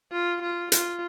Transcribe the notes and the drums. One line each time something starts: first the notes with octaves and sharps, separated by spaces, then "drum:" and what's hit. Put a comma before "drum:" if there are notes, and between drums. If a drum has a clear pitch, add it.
F4
F4
F4, drum: hi-hat